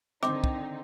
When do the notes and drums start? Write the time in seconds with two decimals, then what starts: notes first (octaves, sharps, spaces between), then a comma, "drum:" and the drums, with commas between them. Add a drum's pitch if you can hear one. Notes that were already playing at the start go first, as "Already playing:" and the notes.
0.23 D3 D#3 C4 D#4 D6, drum: rim click
0.44 drum: kick